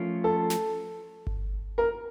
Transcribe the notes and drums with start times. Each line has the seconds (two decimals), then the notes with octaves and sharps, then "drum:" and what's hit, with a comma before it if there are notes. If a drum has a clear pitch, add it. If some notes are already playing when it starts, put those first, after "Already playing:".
Already playing: F3 A3 C#4 F4 A#4
0.24 A4
0.50 drum: snare
1.27 drum: kick G1
1.78 A#4